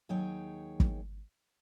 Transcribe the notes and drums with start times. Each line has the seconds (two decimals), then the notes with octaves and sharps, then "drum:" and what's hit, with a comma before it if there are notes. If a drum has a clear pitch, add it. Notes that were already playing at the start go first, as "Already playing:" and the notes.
0.09 D#2 F#3 D#4 G#4 C#5 G5
0.80 drum: kick